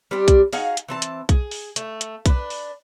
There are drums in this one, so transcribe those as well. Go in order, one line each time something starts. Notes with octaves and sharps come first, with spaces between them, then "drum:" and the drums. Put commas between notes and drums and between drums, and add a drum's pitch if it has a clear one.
G3 C4 D4 G4
drum: kick B1, hi-hat
D#4 F#4 G#4 F5, drum: open hi-hat
drum: hi-hat
E3 C4 A5
drum: hi-hat
G#4, drum: kick B1, hi-hat
drum: open hi-hat
A3, drum: hi-hat
drum: hi-hat
D4 B4, drum: kick B1, hi-hat
drum: open hi-hat